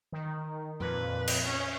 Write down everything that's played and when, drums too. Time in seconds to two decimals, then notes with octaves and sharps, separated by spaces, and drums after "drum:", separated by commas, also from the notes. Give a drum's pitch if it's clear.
0.12 D#3
0.80 F2 A#2 B4
1.28 drum: cymbal
1.46 C#4